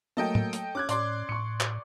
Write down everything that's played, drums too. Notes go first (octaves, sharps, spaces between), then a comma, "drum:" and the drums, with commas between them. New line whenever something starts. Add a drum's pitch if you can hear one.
F#3 A3 A#3 A4 D#5 G5
drum: tom
drum: hi-hat
C#4 D6 F6 F#6 G#6
A2 D5 C6 D6, drum: hi-hat
A2 C#6 C#7
drum: clap